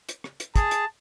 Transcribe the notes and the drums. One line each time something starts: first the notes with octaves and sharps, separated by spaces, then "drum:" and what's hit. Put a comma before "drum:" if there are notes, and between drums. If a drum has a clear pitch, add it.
drum: hi-hat
drum: rim click
drum: hi-hat
G#4 A5, drum: kick, hi-hat
drum: hi-hat